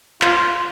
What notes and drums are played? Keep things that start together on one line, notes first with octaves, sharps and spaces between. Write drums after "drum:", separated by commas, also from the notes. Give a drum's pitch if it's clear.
F4, drum: clap